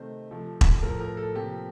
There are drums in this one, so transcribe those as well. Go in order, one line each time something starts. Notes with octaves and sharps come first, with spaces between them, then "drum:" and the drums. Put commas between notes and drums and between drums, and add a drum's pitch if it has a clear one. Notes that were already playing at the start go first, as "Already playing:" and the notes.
Already playing: C3 D#3 A3 C5
C3 F3 A3
drum: kick E1
A2 F3 A3 A#4
A#4
A4
C3 F3 A#3 G4